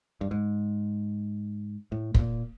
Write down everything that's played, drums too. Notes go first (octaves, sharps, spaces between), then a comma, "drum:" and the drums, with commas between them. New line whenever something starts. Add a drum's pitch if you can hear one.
G2
G#2
A2
B2, drum: kick
A#2